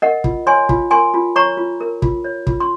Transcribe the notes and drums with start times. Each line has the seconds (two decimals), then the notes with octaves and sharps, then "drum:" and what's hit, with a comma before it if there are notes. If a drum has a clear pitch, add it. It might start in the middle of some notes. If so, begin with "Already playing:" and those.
0.02 A#4 D#5 F#5
0.24 F4, drum: kick
0.47 C#5 G#5 C6
0.69 F4, drum: kick
0.91 A#4 G#5 C6
1.14 F4
1.36 C#5 A#5 C#6
1.57 F4
1.80 A#4
2.02 F4, drum: kick
2.24 C#5
2.47 F4, drum: kick
2.60 C6